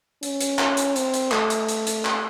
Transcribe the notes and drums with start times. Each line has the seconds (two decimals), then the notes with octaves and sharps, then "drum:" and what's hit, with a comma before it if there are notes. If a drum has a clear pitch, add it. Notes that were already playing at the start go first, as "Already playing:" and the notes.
0.23 C#4, drum: hi-hat
0.40 drum: hi-hat
0.59 drum: clap
0.77 drum: hi-hat
0.96 C4, drum: hi-hat
1.14 drum: hi-hat
1.32 A3, drum: clap
1.50 drum: hi-hat
1.68 drum: hi-hat
1.87 drum: hi-hat
2.05 drum: clap